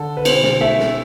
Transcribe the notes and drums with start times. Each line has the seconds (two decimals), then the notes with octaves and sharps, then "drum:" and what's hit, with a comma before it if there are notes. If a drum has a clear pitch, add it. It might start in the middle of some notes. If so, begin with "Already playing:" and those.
Already playing: D3 A4
0.17 B4
0.25 B2 C5, drum: cymbal
0.43 drum: snare
0.61 A3 E5
0.79 drum: snare